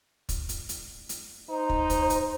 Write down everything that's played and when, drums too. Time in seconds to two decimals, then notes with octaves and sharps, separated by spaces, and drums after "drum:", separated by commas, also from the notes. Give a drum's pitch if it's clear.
0.29 drum: kick, hi-hat
0.49 drum: hi-hat
0.69 drum: hi-hat
1.09 drum: hi-hat
1.49 D#4 C5
1.70 drum: kick
1.90 drum: kick, hi-hat
2.10 drum: hi-hat